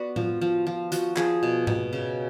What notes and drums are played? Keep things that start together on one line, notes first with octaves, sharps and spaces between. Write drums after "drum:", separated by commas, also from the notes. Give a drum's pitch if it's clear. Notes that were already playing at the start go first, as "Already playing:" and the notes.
Already playing: B3 F#4 B4 D5
F3, drum: tom A2
F3
F3
F3 F#4, drum: hi-hat
F3 G#4, drum: clap
B2
B2, drum: tom G#2
C#3